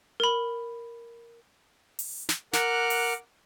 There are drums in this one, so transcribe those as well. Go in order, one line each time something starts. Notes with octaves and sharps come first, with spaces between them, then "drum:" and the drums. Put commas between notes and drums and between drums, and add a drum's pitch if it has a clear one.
A#4 B5
drum: open hi-hat
drum: snare
A#4 F#5 D6 F6 F#6, drum: snare
drum: open hi-hat